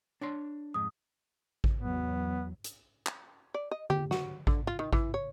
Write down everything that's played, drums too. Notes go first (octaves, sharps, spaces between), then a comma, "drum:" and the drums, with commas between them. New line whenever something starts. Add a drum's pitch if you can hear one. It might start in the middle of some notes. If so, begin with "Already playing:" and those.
D4 C#5 C6
F2 G#2 D#6
drum: kick A1
E2 F#3 B3
drum: hi-hat
drum: clap
D5
D#5
G4, drum: tom D3
F#4, drum: snare
D3, drum: kick A1
F4
D#3
E3, drum: kick A1
C#5